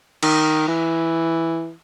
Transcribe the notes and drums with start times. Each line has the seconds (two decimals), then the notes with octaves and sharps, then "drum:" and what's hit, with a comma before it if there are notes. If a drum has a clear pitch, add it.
0.23 D#3, drum: cymbal
0.68 E3